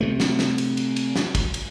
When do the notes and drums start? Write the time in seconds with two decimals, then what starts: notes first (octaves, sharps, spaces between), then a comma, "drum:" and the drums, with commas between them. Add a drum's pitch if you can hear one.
0.01 C3 A3
0.20 drum: snare
0.39 drum: snare
0.58 drum: cymbal
0.77 drum: cymbal
0.96 drum: cymbal
1.16 drum: snare
1.35 drum: kick, cymbal
1.54 drum: cymbal